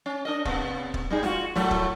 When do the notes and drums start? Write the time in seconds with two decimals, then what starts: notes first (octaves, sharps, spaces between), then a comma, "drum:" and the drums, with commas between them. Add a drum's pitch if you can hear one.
0.06 C#4
0.25 D4 A#4 D#5
0.45 C3 B3, drum: kick
0.94 drum: kick
1.10 G3 D#4 G#4
1.23 F4 F#4, drum: snare
1.55 A2 F#3 A3, drum: snare
1.71 drum: kick